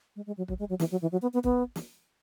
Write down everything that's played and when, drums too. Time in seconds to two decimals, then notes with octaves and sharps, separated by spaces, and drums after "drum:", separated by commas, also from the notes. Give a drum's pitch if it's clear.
0.16 G#3
0.26 G#3
0.37 F#3
0.48 F#3, drum: kick
0.59 G#3
0.69 F#3
0.79 E3, drum: snare
0.91 F#3
1.02 E3
1.12 F#3
1.22 B3
1.33 B3
1.44 B3, drum: kick
1.76 drum: snare